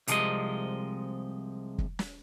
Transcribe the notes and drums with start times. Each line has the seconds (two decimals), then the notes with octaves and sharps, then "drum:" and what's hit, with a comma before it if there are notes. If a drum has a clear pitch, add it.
0.08 C2 A2 C3 F3 G#3 D#5, drum: hi-hat
1.78 drum: kick
1.99 drum: snare